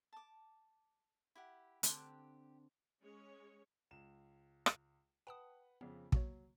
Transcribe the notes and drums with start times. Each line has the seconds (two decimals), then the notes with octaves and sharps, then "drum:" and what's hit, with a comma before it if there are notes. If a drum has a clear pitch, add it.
0.13 A5 D6
1.35 E4 G4 F#5
1.83 D3 C4 D4 G4, drum: hi-hat
3.01 G#3 C#4 C#5
3.91 C#2 E7
4.66 drum: rim click
5.27 B4 F#5 G5 A5 D#6
5.81 F2 C#3 B3
6.12 F#3 A#3 F#4 C#5, drum: kick